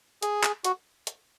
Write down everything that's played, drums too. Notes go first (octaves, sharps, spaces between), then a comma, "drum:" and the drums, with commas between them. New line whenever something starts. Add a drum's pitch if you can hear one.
G#4, drum: hi-hat
drum: clap
F#4, drum: hi-hat
drum: hi-hat